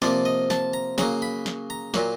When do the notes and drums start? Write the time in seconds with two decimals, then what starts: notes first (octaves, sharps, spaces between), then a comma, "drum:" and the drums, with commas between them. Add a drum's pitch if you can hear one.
0.02 C3 F3 A#3 D5, drum: snare
0.25 D#5
0.50 A5, drum: snare
0.73 A#5
0.98 C#3 F#3 A#3 A#5, drum: snare
1.22 B5
1.46 drum: snare
1.70 A#5
1.94 A#2 F#3 A#3, drum: snare